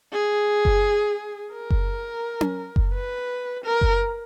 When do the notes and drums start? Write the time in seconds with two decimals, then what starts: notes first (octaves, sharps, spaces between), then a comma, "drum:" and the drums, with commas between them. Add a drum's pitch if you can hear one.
0.13 G#4
0.65 drum: kick F#1
1.53 A#4
1.70 drum: kick F#1
2.41 drum: tom C#4
2.76 drum: kick F#1
2.94 B4
3.64 A#4
3.81 drum: kick F#1